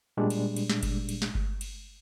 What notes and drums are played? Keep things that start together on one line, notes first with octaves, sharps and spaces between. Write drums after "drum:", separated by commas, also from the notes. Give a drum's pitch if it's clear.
A#2 G3 G#3 D4
drum: cymbal
drum: cymbal
drum: snare
drum: kick G1, cymbal
drum: cymbal
drum: snare
drum: kick G1
drum: cymbal